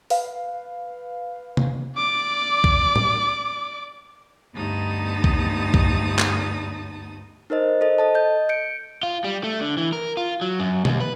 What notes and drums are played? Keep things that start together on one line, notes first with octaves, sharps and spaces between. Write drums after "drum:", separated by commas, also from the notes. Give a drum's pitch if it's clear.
B4 F5, drum: open hi-hat
drum: tom C3
D5 D6
drum: kick B1
drum: tom
D2 G2 B3 D#4 A5 D#6
drum: kick B1
drum: kick B1
drum: clap
D#4 A#4 C5 D#5
A4 C5 D#5
A4 D#5 A5
D#5 G6
G6 C#7 D7
F4
G3
A3
D3
E3
A#4
F4
F#3
F#2
D#2, drum: tom B2
B4